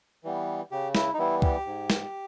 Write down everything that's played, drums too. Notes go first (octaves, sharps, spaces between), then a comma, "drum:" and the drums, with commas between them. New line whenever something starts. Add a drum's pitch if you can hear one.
E3 G3 B3
C#3 G4
E4, drum: snare
D#4
E3 G3 B3 E4
G4, drum: kick
G#2
drum: snare